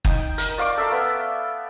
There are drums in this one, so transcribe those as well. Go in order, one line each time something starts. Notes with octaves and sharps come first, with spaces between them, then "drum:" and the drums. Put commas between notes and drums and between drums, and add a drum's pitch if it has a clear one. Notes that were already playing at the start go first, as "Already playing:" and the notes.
D#4 G5, drum: kick F#1
A#4, drum: hi-hat
D5 F5 C#6 D6
A4 E5 F5 A#5
B3